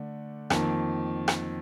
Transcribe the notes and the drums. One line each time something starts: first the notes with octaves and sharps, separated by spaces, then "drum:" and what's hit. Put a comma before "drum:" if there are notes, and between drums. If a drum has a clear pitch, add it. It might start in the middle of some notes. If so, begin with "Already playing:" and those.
Already playing: D3 A3 D4
F2 D#3 A#3, drum: rim click
drum: rim click